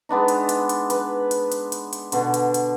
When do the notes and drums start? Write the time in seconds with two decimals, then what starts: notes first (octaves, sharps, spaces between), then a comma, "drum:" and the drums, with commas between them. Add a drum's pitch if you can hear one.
0.09 G#3 B3 D4 D#4
0.28 drum: hi-hat
0.49 drum: hi-hat
0.69 drum: hi-hat
0.90 B4, drum: hi-hat
1.31 drum: hi-hat
1.52 drum: hi-hat
1.72 drum: hi-hat
1.93 drum: hi-hat
2.12 B2 D3, drum: hi-hat
2.34 drum: hi-hat
2.54 drum: hi-hat